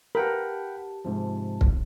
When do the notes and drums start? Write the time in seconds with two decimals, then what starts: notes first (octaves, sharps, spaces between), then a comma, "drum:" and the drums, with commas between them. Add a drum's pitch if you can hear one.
0.15 G4 A#4 B4 F#5 G5 A5 B5
1.05 G#2 C3 F3 A5
1.61 drum: kick